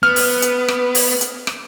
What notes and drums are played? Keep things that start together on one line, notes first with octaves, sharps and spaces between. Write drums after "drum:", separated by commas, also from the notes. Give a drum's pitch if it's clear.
B3 F6
drum: open hi-hat
drum: hi-hat
drum: rim click
drum: open hi-hat
drum: hi-hat
drum: rim click